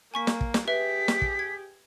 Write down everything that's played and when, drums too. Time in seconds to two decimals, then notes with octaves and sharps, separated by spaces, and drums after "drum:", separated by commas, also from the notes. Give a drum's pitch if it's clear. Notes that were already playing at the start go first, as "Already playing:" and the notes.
0.14 A#3 G#5 C#6 B6
0.27 drum: snare
0.41 drum: kick
0.54 drum: snare
0.68 G4 G#4 B4 E5 B6
1.08 drum: snare
1.22 drum: kick
1.39 G#6